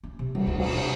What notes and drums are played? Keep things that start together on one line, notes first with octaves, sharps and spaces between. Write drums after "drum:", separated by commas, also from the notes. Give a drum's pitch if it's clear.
C#4
C3
G3, drum: cymbal
D2
C#3, drum: cymbal
C3